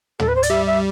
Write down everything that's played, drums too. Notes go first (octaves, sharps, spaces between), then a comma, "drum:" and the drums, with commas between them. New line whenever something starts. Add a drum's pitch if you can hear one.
A4, drum: tom
B4
C5
D5, drum: hi-hat
G3 E5
E5